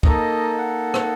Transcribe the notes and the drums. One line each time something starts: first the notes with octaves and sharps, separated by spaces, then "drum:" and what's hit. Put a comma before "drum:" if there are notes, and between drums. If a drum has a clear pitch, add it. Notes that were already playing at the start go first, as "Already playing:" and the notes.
A#3 D#4 A4 D#5, drum: kick
F#5
drum: rim click